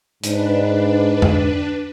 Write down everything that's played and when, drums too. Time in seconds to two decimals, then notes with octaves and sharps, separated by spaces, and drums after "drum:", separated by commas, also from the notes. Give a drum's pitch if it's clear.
0.24 G#2 D4 B4, drum: hi-hat
1.22 drum: tom F2